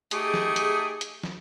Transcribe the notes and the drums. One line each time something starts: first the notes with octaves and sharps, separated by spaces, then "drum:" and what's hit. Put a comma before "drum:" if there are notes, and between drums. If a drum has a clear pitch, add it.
A3 D#4 G4 G#4, drum: hi-hat
drum: snare
drum: hi-hat
drum: hi-hat
drum: snare